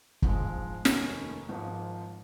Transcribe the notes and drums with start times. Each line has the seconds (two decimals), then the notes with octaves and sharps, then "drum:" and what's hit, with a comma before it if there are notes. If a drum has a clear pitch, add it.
0.22 A#1 G#2 F3 G#3, drum: kick
0.85 F1 D#2 D#3 C#4, drum: snare
1.49 G#1 G#2 F3